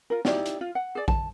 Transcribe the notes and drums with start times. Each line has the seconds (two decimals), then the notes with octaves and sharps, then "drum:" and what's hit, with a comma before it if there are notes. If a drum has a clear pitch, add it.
0.10 F4 A#4
0.25 D#4 E4 G4 D5, drum: snare
0.46 drum: hi-hat
0.61 F4
0.75 F#5
0.95 G#4 D5
1.08 A5, drum: kick A#1